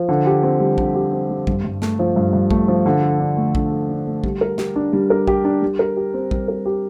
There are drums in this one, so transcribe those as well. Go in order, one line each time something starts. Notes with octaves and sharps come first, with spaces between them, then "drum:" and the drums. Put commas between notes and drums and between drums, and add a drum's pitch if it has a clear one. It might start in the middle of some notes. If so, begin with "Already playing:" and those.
Already playing: F3
D3
G4
C4
G3
D3, drum: kick A#1
G4
C4
G3
G2, drum: kick A#1
G2
A3, drum: snare
F3
G2
G2
A3, drum: kick A#1
F3
D3
A4
D4
A3
D3, drum: kick A#1
A4
D4
A3
G3, drum: kick A#1
A#4
G4, drum: snare
D4
G3
A#4
G4, drum: kick A#1
D4
G3
A#4
G4
C4
G3, drum: kick A#1
A#4
G4